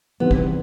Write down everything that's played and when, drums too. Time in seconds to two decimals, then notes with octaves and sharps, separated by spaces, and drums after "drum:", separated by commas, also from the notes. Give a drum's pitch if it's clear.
0.20 E2 C3 D#3 G3 B3 C4
0.31 drum: kick